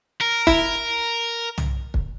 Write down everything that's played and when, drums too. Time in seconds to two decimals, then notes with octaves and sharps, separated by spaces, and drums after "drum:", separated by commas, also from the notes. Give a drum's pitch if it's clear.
0.21 A#4
0.47 E4, drum: kick
1.58 drum: tom
1.94 drum: kick